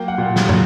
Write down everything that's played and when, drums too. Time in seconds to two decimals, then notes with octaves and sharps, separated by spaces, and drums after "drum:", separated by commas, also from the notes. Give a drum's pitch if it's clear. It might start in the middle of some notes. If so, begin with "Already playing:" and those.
Already playing: F#3 A#3 G5
0.08 F#5
0.18 A#2
0.36 drum: snare
0.49 F#3, drum: tom